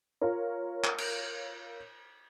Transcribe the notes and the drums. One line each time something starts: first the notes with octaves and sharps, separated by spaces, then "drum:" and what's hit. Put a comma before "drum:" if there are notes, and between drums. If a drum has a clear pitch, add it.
F4 A#4 C#5
drum: clap
drum: cymbal